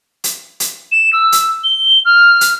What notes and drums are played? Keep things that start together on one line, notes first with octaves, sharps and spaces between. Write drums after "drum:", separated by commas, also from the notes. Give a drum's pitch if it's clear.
drum: hi-hat
drum: hi-hat
E7
E6
drum: hi-hat
G7
F6
drum: hi-hat